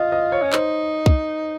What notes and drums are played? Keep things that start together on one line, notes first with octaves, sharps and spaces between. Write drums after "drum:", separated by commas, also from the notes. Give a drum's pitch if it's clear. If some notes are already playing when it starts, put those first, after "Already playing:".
Already playing: F4 D#5
D#5
C#5
C#4
D#4 C5, drum: clap
drum: kick